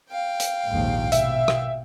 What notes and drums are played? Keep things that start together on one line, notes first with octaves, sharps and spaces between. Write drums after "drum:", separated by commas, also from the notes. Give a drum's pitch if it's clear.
F5 G5
drum: hi-hat
A#1 D#2 G#2
B2 E5, drum: hi-hat
drum: rim click